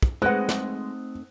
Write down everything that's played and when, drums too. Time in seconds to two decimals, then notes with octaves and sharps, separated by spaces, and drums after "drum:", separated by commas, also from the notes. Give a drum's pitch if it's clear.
0.03 drum: kick
0.22 G#3 A3 C4 D#4 B4 C5 F#5 F#6
0.49 drum: snare